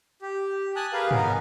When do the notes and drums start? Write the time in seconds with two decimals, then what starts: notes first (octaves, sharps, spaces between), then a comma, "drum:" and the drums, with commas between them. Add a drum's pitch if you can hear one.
0.22 G4
0.76 G#5 A5 D#6 F#6
0.93 G4 G#4 A#4 B4 F5
1.11 B3 C#4 D#4 A#4, drum: tom